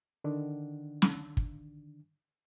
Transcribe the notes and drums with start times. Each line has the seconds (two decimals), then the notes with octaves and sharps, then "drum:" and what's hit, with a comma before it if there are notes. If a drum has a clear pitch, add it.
0.24 D3 D#3 D4
1.02 drum: snare
1.37 drum: kick